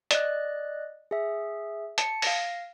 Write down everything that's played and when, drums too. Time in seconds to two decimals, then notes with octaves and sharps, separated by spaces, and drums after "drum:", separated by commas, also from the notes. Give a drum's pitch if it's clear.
0.11 D5 D#5 F#6, drum: hi-hat
1.11 G#4 E5
1.98 A5 C#7, drum: hi-hat
2.22 F5 A#6, drum: open hi-hat